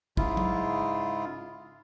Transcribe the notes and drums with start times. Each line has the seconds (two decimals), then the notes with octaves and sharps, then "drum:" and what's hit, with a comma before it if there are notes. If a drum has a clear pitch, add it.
0.17 G#2 C#3 E4 F4, drum: kick
0.37 drum: tom F#3